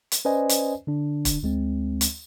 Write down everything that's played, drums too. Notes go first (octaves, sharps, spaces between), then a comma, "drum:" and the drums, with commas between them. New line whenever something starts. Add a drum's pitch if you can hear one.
drum: hi-hat
C#4 B4 C5 D5 D#5 G#5
drum: hi-hat
D3 D4
drum: kick, hi-hat
D2 G#3 C4
drum: hi-hat